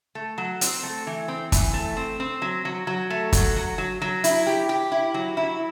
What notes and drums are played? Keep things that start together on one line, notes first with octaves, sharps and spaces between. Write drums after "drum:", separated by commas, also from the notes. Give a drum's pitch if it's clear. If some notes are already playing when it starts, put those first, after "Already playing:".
A3
F#3
C4, drum: hi-hat
A3
E3
C4
E3, drum: kick, hi-hat
A3
C4
C4
F#3
F#3
F#3
A3
F#3, drum: kick, hi-hat
F#3
F#3
F#3
E4, drum: hi-hat
G4
G4
E4
F#3
E4